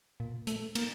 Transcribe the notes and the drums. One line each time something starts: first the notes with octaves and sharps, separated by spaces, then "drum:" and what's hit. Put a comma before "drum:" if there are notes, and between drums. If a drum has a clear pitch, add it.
A#2
A3, drum: hi-hat
A#3, drum: cymbal